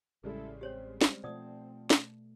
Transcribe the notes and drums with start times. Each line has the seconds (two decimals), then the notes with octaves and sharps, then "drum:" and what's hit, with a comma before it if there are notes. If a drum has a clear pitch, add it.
0.24 A1 C#3 G3 G#3 E4 A4
0.61 C4 G4 C5 C#5
1.01 drum: snare
1.24 B2 F3 A3 D5 F#5 D#6
1.90 drum: snare